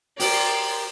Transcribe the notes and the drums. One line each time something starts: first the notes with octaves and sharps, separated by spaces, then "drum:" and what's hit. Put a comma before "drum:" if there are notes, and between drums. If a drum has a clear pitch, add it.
G4 A#4 D5 C6, drum: open hi-hat